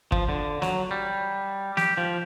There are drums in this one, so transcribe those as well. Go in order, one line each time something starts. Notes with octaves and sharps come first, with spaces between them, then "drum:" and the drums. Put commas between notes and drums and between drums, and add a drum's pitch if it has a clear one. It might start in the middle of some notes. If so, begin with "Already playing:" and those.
F3, drum: kick
D3
F#3, drum: snare
G3
G4, drum: snare
F3